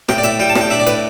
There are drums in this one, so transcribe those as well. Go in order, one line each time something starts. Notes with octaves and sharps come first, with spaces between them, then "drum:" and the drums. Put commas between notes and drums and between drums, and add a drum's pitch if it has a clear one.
A2 G5, drum: rim click
D5
A2 E5, drum: hi-hat
G3 G5
A5
A2, drum: rim click
G5
D4 E5
D5
A2 B4, drum: hi-hat